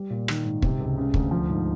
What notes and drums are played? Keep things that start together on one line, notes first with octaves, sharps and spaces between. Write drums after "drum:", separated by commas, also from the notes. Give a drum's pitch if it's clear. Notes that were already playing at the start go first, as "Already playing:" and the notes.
Already playing: G3
A#2
D#3, drum: rim click
G#2
C3, drum: kick
C#2
C#3
D2, drum: kick
F3
G#2